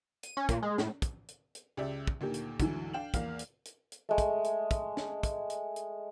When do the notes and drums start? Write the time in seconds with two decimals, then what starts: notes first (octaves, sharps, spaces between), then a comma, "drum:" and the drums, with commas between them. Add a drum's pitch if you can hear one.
0.23 D#7, drum: hi-hat
0.37 C#4
0.49 A#2, drum: kick, hi-hat
0.63 G#3
0.78 A2, drum: snare
1.02 drum: kick, hi-hat
1.28 drum: hi-hat
1.55 drum: hi-hat
1.77 C#2 G4 D5 E5
2.07 drum: kick
2.21 D2 A#2 D#3 G4
2.34 drum: hi-hat
2.60 D2 G#2 E3 F#3, drum: kick, hi-hat
2.93 D4 F5 G5 E7 F#7
3.14 E2 A#3 F5 F6, drum: kick, hi-hat
3.39 drum: hi-hat
3.65 drum: hi-hat
3.92 drum: hi-hat
4.09 G#3 A3
4.18 drum: kick, hi-hat
4.44 drum: hi-hat
4.71 drum: kick, hi-hat
4.97 drum: snare
5.23 drum: kick, hi-hat
5.50 drum: hi-hat
5.76 drum: hi-hat